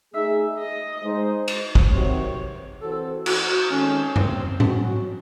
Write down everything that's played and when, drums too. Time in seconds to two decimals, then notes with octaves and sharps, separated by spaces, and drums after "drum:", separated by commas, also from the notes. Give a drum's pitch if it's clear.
0.14 A3 D#4 G#4 E5
0.59 D#5
1.03 G#3 D#4 G#4 C5
1.48 drum: cymbal
1.75 drum: kick
1.92 C3 D#3 F#3 C4 F#4 C#5
2.82 E3 C4 F#4 A4 C5
3.26 F#4, drum: cymbal
3.70 D#3 G#3 C4 C#4 D#4 A4
4.16 C4, drum: tom F#2
4.60 F#3 C#4 F#4, drum: tom G#2